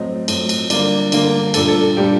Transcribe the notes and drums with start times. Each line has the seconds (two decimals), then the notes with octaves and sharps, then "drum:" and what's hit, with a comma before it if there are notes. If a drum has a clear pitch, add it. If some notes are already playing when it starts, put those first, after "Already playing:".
Already playing: A2 F#3 C4 D#5
0.28 A2 F#3 C4, drum: cymbal
0.49 drum: cymbal
0.70 D3 G3 A#3 D4 D5, drum: cymbal
1.12 D3 G3 A#3 D4, drum: cymbal
1.54 A#2 G3 D4 A4, drum: cymbal
1.68 A4
1.97 A#2 G3 D4 G4